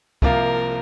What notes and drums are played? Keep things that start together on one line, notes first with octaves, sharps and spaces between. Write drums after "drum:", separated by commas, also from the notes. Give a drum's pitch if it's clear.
C2 C3 F3 A#3 F4 A#4, drum: kick